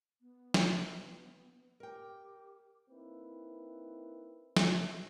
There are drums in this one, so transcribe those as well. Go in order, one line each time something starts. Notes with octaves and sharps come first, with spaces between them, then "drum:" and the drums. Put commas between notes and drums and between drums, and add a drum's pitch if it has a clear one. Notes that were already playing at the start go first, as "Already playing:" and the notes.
B3
drum: snare
G4 A#4 G5
A#3 C4 D#4 E4 B4
drum: snare